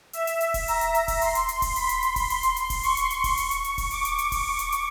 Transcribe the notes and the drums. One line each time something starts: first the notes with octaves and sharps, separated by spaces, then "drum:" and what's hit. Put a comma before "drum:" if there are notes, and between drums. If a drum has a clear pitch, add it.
E5, drum: hi-hat
drum: hi-hat
drum: hi-hat
drum: kick D#1, open hi-hat
A#5, drum: hi-hat
drum: hi-hat
drum: hi-hat
drum: kick D#1, open hi-hat
C6, drum: hi-hat
drum: hi-hat
drum: hi-hat
drum: kick D#1, open hi-hat
B5, drum: hi-hat
drum: hi-hat
drum: hi-hat
drum: kick D#1, open hi-hat
C6, drum: hi-hat
drum: hi-hat
drum: hi-hat
drum: kick D#1, open hi-hat
C#6, drum: hi-hat
drum: hi-hat
drum: hi-hat
drum: kick D#1, open hi-hat
drum: hi-hat
drum: hi-hat
drum: hi-hat
drum: kick D#1, open hi-hat
D6, drum: hi-hat
drum: hi-hat
drum: hi-hat
drum: kick D#1, open hi-hat
drum: hi-hat
drum: hi-hat